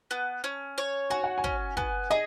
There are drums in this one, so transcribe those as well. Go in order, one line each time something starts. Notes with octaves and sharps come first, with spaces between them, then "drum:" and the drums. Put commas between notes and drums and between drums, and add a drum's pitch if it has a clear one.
B3
C#4
C#5
F#4 G#5
F#5
G#5
C#4, drum: kick
B3 G#5, drum: kick
G#4 D#5